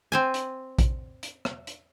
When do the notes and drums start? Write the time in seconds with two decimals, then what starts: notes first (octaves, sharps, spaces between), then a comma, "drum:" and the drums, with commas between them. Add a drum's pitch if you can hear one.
0.12 C4 C5 G#5
0.34 drum: hi-hat
0.79 drum: kick A#1, hi-hat
1.23 drum: hi-hat
1.45 drum: rim click
1.67 drum: hi-hat